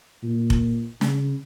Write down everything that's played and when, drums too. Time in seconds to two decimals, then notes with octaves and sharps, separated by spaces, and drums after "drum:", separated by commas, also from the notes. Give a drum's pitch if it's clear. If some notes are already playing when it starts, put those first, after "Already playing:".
0.23 A#2
0.50 drum: kick F1
1.01 C#3, drum: snare